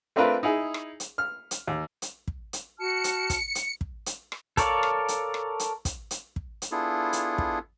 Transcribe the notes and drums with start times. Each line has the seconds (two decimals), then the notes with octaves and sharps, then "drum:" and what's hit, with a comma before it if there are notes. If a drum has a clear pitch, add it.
0.16 A3 C4 D4 F4 A#4 B4
0.43 D#4 E4 G#4
0.74 drum: rim click
1.00 drum: hi-hat
1.18 F6
1.51 drum: hi-hat
1.67 D#2
2.02 drum: hi-hat
2.28 drum: kick
2.53 drum: hi-hat
2.79 F#4 A5 F6 C#7
3.04 drum: hi-hat
3.30 drum: kick, hi-hat
3.55 drum: hi-hat
3.81 drum: kick
4.06 drum: hi-hat
4.32 drum: rim click
4.57 A4 A#4 C#5 D5 F5, drum: kick, hi-hat
4.83 drum: rim click
5.08 drum: hi-hat
5.34 drum: rim click
5.60 drum: hi-hat
5.85 drum: kick, hi-hat
6.11 drum: hi-hat
6.36 drum: kick
6.62 drum: hi-hat
6.71 B3 D4 E4 F4 G#4 A4
7.13 drum: hi-hat
7.38 drum: kick